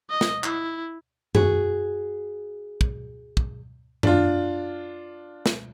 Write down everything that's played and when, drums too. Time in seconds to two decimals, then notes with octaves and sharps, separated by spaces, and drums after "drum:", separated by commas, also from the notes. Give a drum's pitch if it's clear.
0.10 D#5
0.21 drum: snare
0.44 E4, drum: clap
1.35 F#4 G#4, drum: tom F#2
2.81 drum: kick
3.37 drum: kick
4.03 D4 F4, drum: tom F#2
5.46 drum: snare